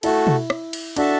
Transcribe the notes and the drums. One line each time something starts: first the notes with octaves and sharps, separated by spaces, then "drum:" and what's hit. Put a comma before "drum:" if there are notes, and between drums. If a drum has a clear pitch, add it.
A3 E4 F#4 A4, drum: cymbal
drum: tom
drum: rim click
drum: cymbal
D4 F#4 A4 E5 A5, drum: cymbal